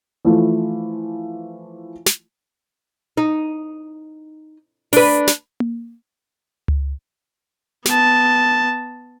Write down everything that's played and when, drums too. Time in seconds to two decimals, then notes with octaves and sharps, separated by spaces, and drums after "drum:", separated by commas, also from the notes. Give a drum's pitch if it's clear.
0.25 E3 F3 A3 E4
2.06 drum: snare
3.17 D#4
4.93 D4 B4, drum: open hi-hat
5.27 drum: snare
5.60 drum: tom A#3
6.68 drum: tom C#2
7.85 B3 A5, drum: snare